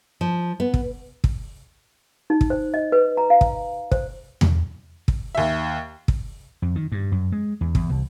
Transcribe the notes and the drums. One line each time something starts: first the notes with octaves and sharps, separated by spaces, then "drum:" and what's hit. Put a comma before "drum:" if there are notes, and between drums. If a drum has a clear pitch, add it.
F3
B3
drum: kick
drum: kick
D#4
drum: kick
C5
D#5
B4
A#5
F5
drum: kick
C5, drum: kick
drum: tom E2
drum: kick
D#2 E5
drum: kick
F2
D#3
G2
F#2
G#3
E2
E2, drum: kick
C2